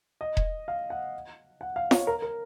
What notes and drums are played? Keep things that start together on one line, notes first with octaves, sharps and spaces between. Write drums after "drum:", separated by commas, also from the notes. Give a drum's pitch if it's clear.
D#5
drum: kick E1
F5
F#5
F#5
F5
C#5, drum: snare F4
A#4
A#4